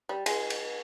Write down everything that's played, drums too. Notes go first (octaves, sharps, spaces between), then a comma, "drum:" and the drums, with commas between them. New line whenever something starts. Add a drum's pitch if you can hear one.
G3
G#3, drum: cymbal
drum: cymbal